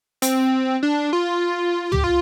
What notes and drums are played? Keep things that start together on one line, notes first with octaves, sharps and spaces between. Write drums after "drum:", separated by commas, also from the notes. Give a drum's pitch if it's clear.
C4, drum: hi-hat
D4
F4
G4, drum: tom
F4